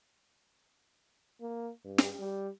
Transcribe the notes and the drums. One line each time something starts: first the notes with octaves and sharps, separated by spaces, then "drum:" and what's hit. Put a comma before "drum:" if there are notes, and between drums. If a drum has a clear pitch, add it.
A#3
G2
drum: snare
G3